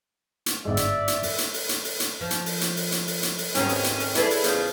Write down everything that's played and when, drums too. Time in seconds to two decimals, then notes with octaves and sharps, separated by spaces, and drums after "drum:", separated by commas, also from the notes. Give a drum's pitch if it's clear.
0.46 drum: hi-hat
0.65 G1 G#2 G#3 D5 E5
0.77 drum: hi-hat
1.08 drum: hi-hat
1.23 drum: open hi-hat
1.38 drum: hi-hat
1.54 drum: open hi-hat
1.69 drum: hi-hat
1.84 drum: open hi-hat
2.00 drum: hi-hat
2.21 F3
2.31 drum: hi-hat
2.46 drum: open hi-hat
2.61 drum: hi-hat
2.77 drum: open hi-hat
2.92 drum: hi-hat
3.07 drum: open hi-hat
3.23 drum: hi-hat
3.38 drum: open hi-hat
3.55 D#2 G#2 B2 D#3 C4 C#4, drum: hi-hat
3.69 drum: open hi-hat
3.84 drum: hi-hat
4.00 drum: open hi-hat
4.15 E4 G#4 A4 B4 D5, drum: hi-hat
4.30 drum: open hi-hat
4.44 E2 C#3 F3, drum: hi-hat